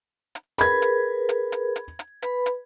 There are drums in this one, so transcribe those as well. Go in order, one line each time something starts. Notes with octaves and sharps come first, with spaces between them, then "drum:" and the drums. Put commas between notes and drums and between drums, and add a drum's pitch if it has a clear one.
drum: hi-hat
G#4 A#4 B4 B5 G#6, drum: hi-hat
drum: hi-hat
drum: hi-hat
drum: hi-hat
drum: hi-hat
drum: hi-hat
B4 B5, drum: hi-hat
drum: hi-hat